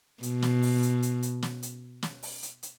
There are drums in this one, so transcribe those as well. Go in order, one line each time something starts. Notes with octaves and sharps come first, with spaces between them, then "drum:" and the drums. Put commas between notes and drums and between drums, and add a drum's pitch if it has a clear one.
B2, drum: hi-hat
drum: snare
drum: open hi-hat
drum: hi-hat
drum: hi-hat
drum: hi-hat
drum: snare
drum: hi-hat
drum: snare
drum: open hi-hat
drum: hi-hat
drum: hi-hat